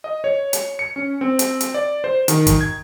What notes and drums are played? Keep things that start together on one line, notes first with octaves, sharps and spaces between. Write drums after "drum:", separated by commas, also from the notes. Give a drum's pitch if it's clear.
D#5
C#5
drum: hi-hat
C#7
C#4
C4
drum: hi-hat
drum: hi-hat
D5
C5
D#3, drum: hi-hat
drum: kick, hi-hat
G#6